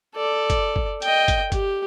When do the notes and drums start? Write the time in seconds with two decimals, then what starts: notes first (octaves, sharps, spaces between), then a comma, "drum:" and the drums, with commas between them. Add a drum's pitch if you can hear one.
0.15 A4 D5
0.50 drum: kick, hi-hat
0.76 drum: kick
1.02 D#5 G5, drum: hi-hat
1.28 drum: kick, hi-hat
1.52 G4, drum: kick, hi-hat